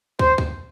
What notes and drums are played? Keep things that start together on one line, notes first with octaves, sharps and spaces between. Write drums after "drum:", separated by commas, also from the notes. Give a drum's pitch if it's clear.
C5, drum: kick
drum: kick